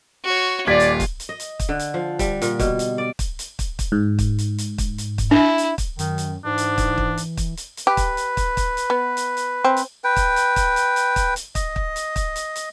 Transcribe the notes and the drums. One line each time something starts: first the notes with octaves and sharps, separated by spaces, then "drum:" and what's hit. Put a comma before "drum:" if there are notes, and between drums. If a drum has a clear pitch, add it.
F#4 C#5
D#1 F4 D5 G#6 B6
drum: hi-hat
drum: kick, hi-hat
drum: hi-hat
D#5
drum: hi-hat
drum: kick, hi-hat
D3
drum: hi-hat
F3
G3, drum: kick, hi-hat
A#2, drum: hi-hat
B2, drum: kick, hi-hat
drum: hi-hat
D5
drum: kick, hi-hat
drum: hi-hat
drum: kick, hi-hat
drum: kick, hi-hat
G#2
drum: kick, hi-hat
drum: hi-hat
drum: hi-hat
drum: kick, hi-hat
drum: hi-hat
drum: kick, hi-hat
D4 E4
drum: hi-hat
drum: kick, hi-hat
F#2 D#3, drum: hi-hat
drum: hi-hat
G#2 E3 D4
drum: hi-hat
drum: kick, hi-hat
drum: kick
drum: hi-hat
drum: kick, hi-hat
drum: hi-hat
drum: hi-hat
G4 B4
drum: kick, hi-hat
drum: hi-hat
drum: kick, hi-hat
drum: kick, hi-hat
drum: hi-hat
B3
drum: hi-hat
drum: hi-hat
C4
drum: hi-hat
B4 G5
drum: kick, hi-hat
drum: hi-hat
drum: kick, hi-hat
drum: hi-hat
drum: hi-hat
drum: kick, hi-hat
drum: hi-hat
D#5, drum: kick, hi-hat
drum: kick
drum: hi-hat
drum: kick, hi-hat
drum: hi-hat
drum: hi-hat